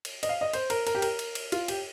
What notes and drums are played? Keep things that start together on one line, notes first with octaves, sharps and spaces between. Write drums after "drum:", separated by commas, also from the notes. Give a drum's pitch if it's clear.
drum: cymbal
D#5, drum: cymbal
F5
D#5
C5, drum: cymbal
A#4, drum: cymbal
A#4, drum: cymbal
G4
A#4, drum: cymbal
drum: cymbal
drum: cymbal
F4, drum: cymbal
G4, drum: cymbal